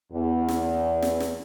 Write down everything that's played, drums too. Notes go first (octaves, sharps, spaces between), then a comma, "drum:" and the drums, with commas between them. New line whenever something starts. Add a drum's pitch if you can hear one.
E2
drum: snare
drum: snare
drum: snare